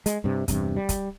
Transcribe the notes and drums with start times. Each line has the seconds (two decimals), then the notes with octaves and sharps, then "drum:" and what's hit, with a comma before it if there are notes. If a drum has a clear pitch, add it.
0.06 G#3, drum: hi-hat
0.24 G2 C3
0.48 E2 G2 C3, drum: kick, hi-hat
0.76 G3
0.89 drum: kick, hi-hat